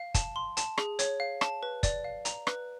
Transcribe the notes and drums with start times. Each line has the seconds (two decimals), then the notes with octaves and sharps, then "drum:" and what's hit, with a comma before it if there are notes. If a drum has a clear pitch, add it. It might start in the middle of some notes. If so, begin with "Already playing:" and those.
Already playing: F5
0.14 A5, drum: kick, hi-hat
0.36 C6
0.57 A5, drum: hi-hat
0.78 G#4, drum: rim click
0.99 C#5, drum: hi-hat
1.20 F5
1.41 A5, drum: rim click
1.63 B4
1.83 D5, drum: kick, hi-hat
2.04 F5
2.25 A#5, drum: hi-hat
2.47 B4, drum: rim click